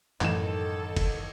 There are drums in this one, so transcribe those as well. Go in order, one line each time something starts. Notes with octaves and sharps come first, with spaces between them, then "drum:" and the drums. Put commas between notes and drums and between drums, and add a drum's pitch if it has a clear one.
A1 F#2 D#3 E3 A4 E7, drum: clap
drum: kick, cymbal